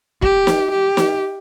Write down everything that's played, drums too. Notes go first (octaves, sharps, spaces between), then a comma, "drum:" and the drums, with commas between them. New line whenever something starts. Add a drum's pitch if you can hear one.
G4, drum: kick
drum: snare
G4
drum: snare